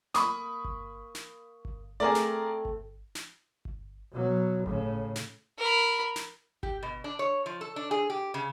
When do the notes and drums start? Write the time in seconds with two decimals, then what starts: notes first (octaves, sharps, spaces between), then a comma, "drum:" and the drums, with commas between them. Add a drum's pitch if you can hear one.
0.14 A#3 B5 C#6 D#6, drum: snare
0.65 drum: kick G1
1.15 drum: snare
1.65 drum: kick G1
2.00 A3 C4 G#4 A#4 D5
2.15 drum: snare
2.65 drum: kick G1
3.15 drum: snare
3.65 drum: kick G1
4.12 B2 F#3
4.66 A2 C#3, drum: kick G1
5.16 drum: snare
5.59 A#4 B5
6.16 drum: snare
6.63 G4, drum: kick G1
6.83 B2
7.04 D4
7.19 C#5
7.46 F3
7.61 A4
7.76 D4
7.91 G#4
8.10 G4
8.34 C#3